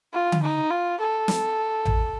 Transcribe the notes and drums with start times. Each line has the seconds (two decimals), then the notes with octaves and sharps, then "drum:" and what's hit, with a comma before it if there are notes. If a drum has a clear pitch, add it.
0.13 F4
0.32 drum: tom D3
0.42 D#4
0.70 F4
1.00 A4
1.28 drum: snare
1.85 drum: tom A1